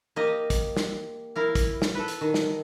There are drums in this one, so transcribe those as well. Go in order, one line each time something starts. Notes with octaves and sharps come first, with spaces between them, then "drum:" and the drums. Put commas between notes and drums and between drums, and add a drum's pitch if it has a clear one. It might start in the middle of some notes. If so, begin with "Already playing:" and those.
A#3 G4 D#5
drum: kick, hi-hat
drum: snare
E4 A#4 F5
drum: kick, hi-hat
drum: snare
A4 B4
drum: hi-hat
D#3
drum: snare